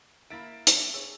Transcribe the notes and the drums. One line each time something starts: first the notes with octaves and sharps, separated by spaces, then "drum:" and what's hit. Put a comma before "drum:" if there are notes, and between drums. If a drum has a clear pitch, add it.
A#3 E4 E5 A#5 A6 D7
drum: hi-hat
G#4 C#5 E6